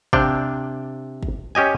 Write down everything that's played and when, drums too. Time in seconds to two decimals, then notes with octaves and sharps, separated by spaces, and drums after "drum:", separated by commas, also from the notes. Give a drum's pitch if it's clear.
0.13 C3 D4 F5 G5, drum: kick
1.23 drum: kick
1.55 C#4 G4 D#5 G#5